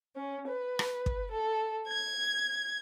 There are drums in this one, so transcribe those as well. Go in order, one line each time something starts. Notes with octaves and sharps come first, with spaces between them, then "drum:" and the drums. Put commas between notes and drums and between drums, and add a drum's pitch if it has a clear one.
C#4
B4
drum: rim click
drum: kick
A4
G#6